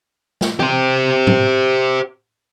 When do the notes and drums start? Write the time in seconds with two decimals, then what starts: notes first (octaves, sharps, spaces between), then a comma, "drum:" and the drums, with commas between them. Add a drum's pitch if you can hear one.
0.41 drum: snare
0.60 G4 C5, drum: tom
1.27 drum: tom G#2